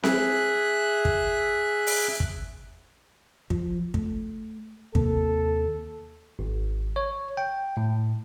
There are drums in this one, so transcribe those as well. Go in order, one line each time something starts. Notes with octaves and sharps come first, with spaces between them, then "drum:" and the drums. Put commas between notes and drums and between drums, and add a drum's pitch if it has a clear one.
G#4 E5 F#6, drum: snare C4
drum: kick
drum: open hi-hat
drum: kick
F3, drum: kick
A3, drum: kick
D#2 C3 A#3 A4, drum: kick
G#1
C#5
G5
A2